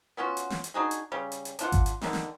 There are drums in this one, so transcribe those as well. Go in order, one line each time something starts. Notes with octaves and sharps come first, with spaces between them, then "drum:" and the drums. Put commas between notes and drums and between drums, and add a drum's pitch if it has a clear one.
B3 C#4 F4 F#4
drum: hi-hat
drum: snare
drum: hi-hat
D4 D#4 F#4 G#4
drum: hi-hat
C#3 G3
drum: hi-hat
drum: hi-hat
D4 F4 F#5, drum: hi-hat
drum: kick G#1, hi-hat
drum: hi-hat
D3 D#3 G3, drum: snare
drum: snare